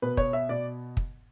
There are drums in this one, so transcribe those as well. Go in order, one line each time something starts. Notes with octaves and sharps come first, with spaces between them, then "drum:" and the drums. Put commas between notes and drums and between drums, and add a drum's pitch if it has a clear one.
B2 B4
C#5, drum: kick
E5
B2 D5
drum: kick